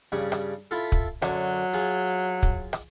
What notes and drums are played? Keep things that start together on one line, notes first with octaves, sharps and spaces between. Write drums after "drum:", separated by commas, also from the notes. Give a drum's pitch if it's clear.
G2 C#3 G3
drum: rim click
E4 F4 A4
drum: kick
F#2 D3 F#3, drum: rim click
F4 G#4
drum: kick
drum: rim click